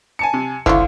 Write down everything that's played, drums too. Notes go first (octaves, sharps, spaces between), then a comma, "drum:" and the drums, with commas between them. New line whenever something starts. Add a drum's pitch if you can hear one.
G#5 A5 C#7
C3
C2 D3 F3 E4 F4 F5 C#6, drum: kick